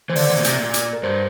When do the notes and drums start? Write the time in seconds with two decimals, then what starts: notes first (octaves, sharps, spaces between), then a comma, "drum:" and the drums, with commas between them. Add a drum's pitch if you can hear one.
0.09 E3 C5
0.16 D3 D5, drum: open hi-hat
0.30 E3
0.39 A#2
0.44 C3, drum: hi-hat
0.59 A#2
0.74 drum: hi-hat
0.93 A#4
1.03 G2 C5